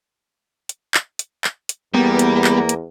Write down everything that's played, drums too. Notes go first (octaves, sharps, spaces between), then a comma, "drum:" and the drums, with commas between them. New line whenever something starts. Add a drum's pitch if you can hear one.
drum: hi-hat
drum: clap
drum: hi-hat
drum: clap
drum: hi-hat
E2 G3 A#3 B3
drum: hi-hat
drum: clap
drum: hi-hat